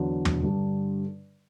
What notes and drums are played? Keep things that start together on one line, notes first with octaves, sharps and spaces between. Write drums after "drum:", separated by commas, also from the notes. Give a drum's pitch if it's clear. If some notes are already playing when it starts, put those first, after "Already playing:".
Already playing: E2 D3 F#3
drum: tom
G2 D3 G3 D4